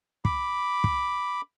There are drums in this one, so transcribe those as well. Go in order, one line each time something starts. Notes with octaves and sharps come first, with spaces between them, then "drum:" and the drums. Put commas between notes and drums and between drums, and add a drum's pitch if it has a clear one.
B5 D6, drum: kick
drum: kick